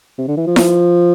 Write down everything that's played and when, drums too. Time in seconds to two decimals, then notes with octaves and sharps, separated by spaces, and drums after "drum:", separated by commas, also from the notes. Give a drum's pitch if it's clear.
0.18 C3
0.28 D3
0.37 E3
0.47 F3
0.56 drum: snare E4